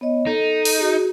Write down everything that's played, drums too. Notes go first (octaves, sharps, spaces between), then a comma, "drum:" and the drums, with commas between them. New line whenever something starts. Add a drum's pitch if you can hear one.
B3 C#5 D#5
D#4 A4
drum: open hi-hat
F#4 G#4